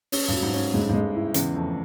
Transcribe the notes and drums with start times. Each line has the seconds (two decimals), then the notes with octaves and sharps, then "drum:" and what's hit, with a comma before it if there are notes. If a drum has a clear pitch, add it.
0.12 C#4, drum: open hi-hat
0.28 G2 F#3
0.43 G#2
0.54 C#4
0.74 G2 G#3
0.82 G#2
0.89 G2 G#3
1.15 E4
1.34 E2 C#3, drum: hi-hat
1.54 F2 A3